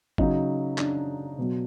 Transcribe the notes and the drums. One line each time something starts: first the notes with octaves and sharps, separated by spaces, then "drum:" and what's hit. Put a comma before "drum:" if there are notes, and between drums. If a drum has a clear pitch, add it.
C#3 F#3 D#4, drum: kick G1
D4, drum: clap
B2 F#3